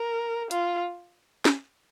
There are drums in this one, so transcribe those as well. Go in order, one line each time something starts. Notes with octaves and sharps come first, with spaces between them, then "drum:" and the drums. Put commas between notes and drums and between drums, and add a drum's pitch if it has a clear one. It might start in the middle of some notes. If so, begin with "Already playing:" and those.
Already playing: A#4
F4, drum: hi-hat
drum: snare